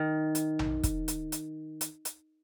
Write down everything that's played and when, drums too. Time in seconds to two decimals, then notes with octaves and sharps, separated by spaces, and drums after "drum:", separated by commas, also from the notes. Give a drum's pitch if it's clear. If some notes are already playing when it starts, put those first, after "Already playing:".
Already playing: D#3
0.35 drum: hi-hat
0.59 drum: tom A#1
0.83 drum: kick, hi-hat
1.08 drum: hi-hat
1.32 drum: hi-hat
1.81 drum: hi-hat
2.05 drum: hi-hat